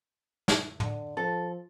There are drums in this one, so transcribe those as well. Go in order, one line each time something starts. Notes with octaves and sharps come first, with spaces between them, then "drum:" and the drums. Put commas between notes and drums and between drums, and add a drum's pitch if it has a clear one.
drum: snare
D3, drum: tom
F3 A4